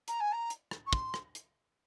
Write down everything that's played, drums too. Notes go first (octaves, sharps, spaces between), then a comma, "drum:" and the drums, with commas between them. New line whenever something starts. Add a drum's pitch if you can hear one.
A#5, drum: hi-hat
G#5
A#5
drum: hi-hat
drum: rim click
C#6
C6, drum: kick
drum: rim click
drum: hi-hat